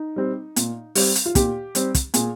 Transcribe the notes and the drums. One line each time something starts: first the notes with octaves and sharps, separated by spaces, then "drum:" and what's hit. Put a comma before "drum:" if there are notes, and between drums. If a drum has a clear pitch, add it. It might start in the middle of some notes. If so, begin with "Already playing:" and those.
Already playing: D#4
G3 C4
A#2, drum: hi-hat
G3 C4, drum: open hi-hat
drum: hi-hat
F4
A#2 G4, drum: kick, hi-hat
G3 C4, drum: hi-hat
drum: kick, hi-hat
A#2 G#4, drum: hi-hat